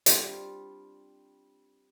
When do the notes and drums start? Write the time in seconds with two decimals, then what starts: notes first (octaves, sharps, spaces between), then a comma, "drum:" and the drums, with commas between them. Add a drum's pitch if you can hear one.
0.06 G3 C4 D4 F4, drum: hi-hat